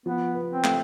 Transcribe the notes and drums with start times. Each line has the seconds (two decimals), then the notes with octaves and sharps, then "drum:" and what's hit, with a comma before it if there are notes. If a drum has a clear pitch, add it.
0.06 F3 B3
0.35 B4
0.50 C4
0.64 A3, drum: clap